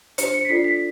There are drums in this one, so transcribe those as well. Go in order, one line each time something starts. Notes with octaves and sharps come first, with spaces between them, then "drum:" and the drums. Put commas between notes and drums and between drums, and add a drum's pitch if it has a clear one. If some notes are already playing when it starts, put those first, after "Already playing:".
D4 G4 C5 C#7, drum: hi-hat
C#7
B6
D4 F4 A4 D5 C7
B6